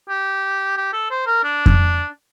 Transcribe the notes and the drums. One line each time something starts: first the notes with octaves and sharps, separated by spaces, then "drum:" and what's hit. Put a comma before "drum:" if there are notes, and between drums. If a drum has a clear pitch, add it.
G4
G4
A4
C5
A#4
D4
drum: kick F2